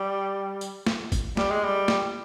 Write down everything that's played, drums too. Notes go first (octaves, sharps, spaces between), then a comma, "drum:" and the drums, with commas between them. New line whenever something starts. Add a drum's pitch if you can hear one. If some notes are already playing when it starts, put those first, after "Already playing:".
Already playing: G3
drum: tambourine
drum: snare
drum: kick, tambourine
G3, drum: snare
G#3
G3
drum: snare